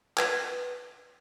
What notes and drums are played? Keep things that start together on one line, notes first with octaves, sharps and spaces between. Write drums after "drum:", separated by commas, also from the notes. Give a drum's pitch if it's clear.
B4 G#6, drum: clap